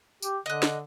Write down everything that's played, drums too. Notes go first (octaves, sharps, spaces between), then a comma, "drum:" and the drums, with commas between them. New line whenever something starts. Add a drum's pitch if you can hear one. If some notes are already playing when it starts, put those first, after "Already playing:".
G4, drum: tambourine
D3 D#5 F#6
drum: snare